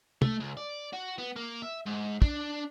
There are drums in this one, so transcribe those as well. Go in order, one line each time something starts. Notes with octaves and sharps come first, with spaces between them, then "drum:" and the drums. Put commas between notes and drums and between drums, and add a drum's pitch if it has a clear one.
A3, drum: tom
C#2
D5
F#4
B3
A#3
E5
G#2
D4, drum: kick